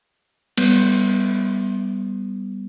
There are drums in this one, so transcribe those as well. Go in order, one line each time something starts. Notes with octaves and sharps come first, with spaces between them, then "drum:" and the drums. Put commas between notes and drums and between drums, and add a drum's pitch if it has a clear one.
G3 B3, drum: cymbal